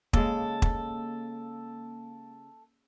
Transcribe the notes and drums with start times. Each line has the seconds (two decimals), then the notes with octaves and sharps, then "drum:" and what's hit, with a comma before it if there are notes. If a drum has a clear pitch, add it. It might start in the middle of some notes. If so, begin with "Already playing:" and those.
0.13 C#3 G#3 A#3 A4, drum: kick
0.62 drum: kick